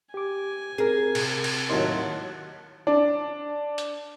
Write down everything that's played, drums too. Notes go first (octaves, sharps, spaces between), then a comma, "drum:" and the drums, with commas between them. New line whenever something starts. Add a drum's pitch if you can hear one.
G4 G#5 D6
C4 G#4 A#4
C3, drum: cymbal
drum: cymbal
D#2 A2 F#3 A5 C6
D4
drum: hi-hat